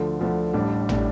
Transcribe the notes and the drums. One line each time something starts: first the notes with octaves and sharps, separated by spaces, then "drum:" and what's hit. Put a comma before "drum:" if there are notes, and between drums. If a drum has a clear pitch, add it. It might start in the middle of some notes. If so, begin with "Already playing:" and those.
Already playing: D2 D3 F3 A3
D2 D3 F3 A3
A1 A2 G3 D4
A2 G3 D4, drum: tom